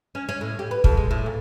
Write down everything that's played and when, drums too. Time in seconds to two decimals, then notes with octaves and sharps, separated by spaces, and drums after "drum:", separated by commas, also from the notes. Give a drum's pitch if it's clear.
0.15 C#4
0.29 C#4
0.41 A2
0.59 G4
0.71 B4
0.84 F2, drum: kick
0.97 G#3
1.11 A2
1.26 A#2